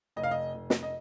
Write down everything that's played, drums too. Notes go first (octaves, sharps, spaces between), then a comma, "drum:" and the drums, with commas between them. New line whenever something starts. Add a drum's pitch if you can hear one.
F1 D#5
F5
D#5
F1
drum: snare
D#5